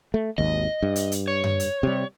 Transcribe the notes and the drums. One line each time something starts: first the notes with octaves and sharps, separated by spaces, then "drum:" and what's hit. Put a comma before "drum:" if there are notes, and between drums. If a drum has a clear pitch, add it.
A3
G#1 D#2 D#5
G2
drum: hi-hat
drum: hi-hat
C#5
drum: tom F#2
drum: hi-hat
C3 G3